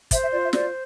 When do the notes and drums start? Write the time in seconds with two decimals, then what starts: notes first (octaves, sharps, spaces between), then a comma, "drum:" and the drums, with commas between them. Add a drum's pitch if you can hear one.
0.11 C5 E5, drum: kick, hi-hat
0.21 E5
0.32 F4 D5
0.43 E5
0.53 C5 D5, drum: snare